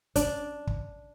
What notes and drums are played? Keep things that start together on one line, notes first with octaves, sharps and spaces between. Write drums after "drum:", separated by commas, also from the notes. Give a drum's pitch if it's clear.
D4, drum: kick, hi-hat
drum: kick